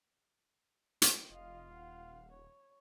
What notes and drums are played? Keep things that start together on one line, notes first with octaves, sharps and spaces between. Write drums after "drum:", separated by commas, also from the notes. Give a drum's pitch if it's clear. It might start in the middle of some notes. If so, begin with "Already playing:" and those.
drum: hi-hat
F1 F4 D#5 F5
D#1 F5 F#5
C#5